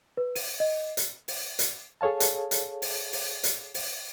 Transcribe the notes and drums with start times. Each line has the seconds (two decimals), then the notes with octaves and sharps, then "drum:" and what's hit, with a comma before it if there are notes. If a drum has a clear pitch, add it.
0.17 B4
0.35 D#7, drum: open hi-hat
0.60 D#5
0.97 drum: hi-hat
1.28 drum: open hi-hat
1.59 drum: hi-hat
2.01 G#4 A4 C#5 F5 A5
2.20 drum: hi-hat
2.51 drum: hi-hat
2.82 drum: open hi-hat
3.13 drum: open hi-hat
3.44 drum: hi-hat
3.74 drum: open hi-hat